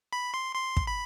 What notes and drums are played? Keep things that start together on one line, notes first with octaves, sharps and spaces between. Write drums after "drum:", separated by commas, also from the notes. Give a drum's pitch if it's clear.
B5
C6
C6
drum: kick
B5